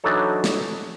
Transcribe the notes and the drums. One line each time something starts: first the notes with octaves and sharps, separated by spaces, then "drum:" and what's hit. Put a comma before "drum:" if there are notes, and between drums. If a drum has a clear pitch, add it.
E3 F#3 D4 D#4 A4 C#5
drum: snare